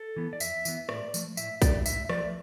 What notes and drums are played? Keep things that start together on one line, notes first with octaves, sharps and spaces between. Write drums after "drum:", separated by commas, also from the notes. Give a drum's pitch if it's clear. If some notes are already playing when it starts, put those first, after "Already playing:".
Already playing: A4
E3 B3
D5
F2 E5, drum: tambourine
E3 B3, drum: tambourine
A2 D5, drum: rim click
F3 A3, drum: tambourine
A2 E5, drum: tambourine
F3 A3 D5, drum: kick B1, tambourine
A2 E5, drum: tambourine
F3 A3 D5, drum: rim click